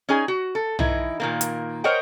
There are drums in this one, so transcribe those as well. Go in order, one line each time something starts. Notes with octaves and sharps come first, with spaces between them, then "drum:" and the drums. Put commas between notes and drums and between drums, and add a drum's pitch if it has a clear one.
C#4 D#4 G#4 G#5
F#4
A4
E3 D#4 E4, drum: tom
A#2 D#3 A#3
drum: hi-hat
A#4 C5 C#5 D#5 F#5 G5